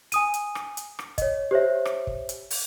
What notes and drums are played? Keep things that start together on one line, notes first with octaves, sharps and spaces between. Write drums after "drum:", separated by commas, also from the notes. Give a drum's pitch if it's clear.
G#5 D#6 D#7, drum: hi-hat
drum: hi-hat
drum: rim click
drum: hi-hat
drum: rim click
C#5 D#5, drum: kick, hi-hat
G4 C5 C#5 E5
drum: rim click
drum: kick
drum: hi-hat
drum: open hi-hat